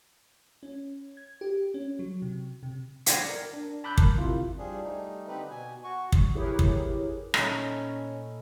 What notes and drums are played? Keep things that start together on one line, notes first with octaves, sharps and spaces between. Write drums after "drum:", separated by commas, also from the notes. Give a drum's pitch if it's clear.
C#4
G#6
G4
C#4
F#3
C3
C3
D5 G5 G#6 A#6 C7 C#7, drum: hi-hat
A#4
D4
A5 B5 D6 E6 F#6 G6
A#4, drum: kick
C3 E4 F4
F3 G3 D4 G#4
G3 A3 D#4
D3 C4 D#4 G4 B4
B2 G#5
F#4 C#6
drum: kick
E4 G4 G#4 A#4 B4 C#5
drum: kick
A#2 A3 C#4 D#4 B4, drum: rim click